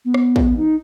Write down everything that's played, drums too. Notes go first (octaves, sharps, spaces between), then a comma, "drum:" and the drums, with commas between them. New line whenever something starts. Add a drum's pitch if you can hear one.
B3
drum: rim click
drum: kick
D#4